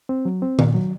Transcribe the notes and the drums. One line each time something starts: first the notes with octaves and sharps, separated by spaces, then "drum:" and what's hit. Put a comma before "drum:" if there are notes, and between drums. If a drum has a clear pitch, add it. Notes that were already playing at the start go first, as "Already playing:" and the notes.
C4
F#3
C4
A#2, drum: tom D#3
F#3